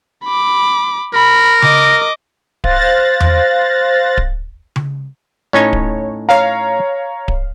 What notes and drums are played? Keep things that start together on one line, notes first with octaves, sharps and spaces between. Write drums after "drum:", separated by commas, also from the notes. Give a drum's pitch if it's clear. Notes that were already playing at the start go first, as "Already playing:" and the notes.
B5 D6
A#4 B5
D#5 D6, drum: tom C#3
C5 F5 F#6 A6 A#6, drum: kick D1
drum: tom E2
drum: kick D1
drum: tom C#3
A2 C#4 D#4 C#5
drum: kick D1
C#5 F5 A#5
drum: kick D1